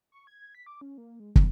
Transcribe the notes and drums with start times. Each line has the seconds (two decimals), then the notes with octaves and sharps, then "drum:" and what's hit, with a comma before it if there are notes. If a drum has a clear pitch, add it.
0.12 C#6
0.27 G#6
0.55 B6
0.66 D6
0.81 C#4
0.98 A#3
1.20 G#3
1.36 B3, drum: kick